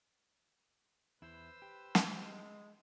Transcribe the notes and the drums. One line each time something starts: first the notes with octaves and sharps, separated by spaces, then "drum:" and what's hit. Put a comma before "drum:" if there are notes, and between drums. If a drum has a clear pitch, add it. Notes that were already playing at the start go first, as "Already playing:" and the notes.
E2 E4 B4 C5 E6
G4
drum: snare
G#3